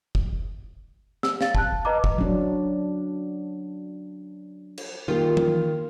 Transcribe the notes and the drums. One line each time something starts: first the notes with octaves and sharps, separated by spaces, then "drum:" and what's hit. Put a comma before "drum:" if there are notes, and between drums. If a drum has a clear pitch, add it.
drum: kick
E6, drum: snare
F5 A6, drum: snare
A5 F#6, drum: kick
B4 D#5 A#5 D6
drum: kick
F#3 D4
drum: cymbal
D#3 A#3 F4 G4
drum: tom